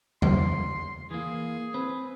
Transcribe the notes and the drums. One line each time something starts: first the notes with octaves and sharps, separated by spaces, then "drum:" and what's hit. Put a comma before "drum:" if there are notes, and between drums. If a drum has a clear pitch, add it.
C6, drum: tom E2
E3 A#3 G#4
C4 B4